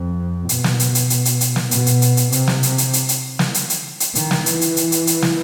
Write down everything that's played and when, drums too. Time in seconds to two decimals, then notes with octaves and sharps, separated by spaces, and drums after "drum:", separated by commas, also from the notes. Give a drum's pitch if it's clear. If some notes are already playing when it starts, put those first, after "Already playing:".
Already playing: F2
0.49 B2, drum: hi-hat
0.64 drum: snare
0.80 drum: hi-hat
0.95 drum: hi-hat
1.10 drum: hi-hat
1.25 drum: hi-hat
1.41 drum: hi-hat
1.56 drum: snare
1.71 B2, drum: hi-hat
1.86 drum: hi-hat
2.02 drum: hi-hat
2.17 drum: hi-hat
2.32 C3, drum: hi-hat
2.48 drum: snare
2.63 drum: hi-hat
2.78 drum: hi-hat
2.93 drum: hi-hat
3.09 drum: hi-hat
3.39 drum: snare
3.54 drum: hi-hat
3.70 drum: hi-hat
4.00 drum: hi-hat
4.15 D#3, drum: hi-hat
4.31 drum: snare
4.46 E3, drum: hi-hat
4.61 drum: hi-hat
4.77 drum: hi-hat
4.92 drum: hi-hat
5.07 drum: hi-hat
5.22 drum: snare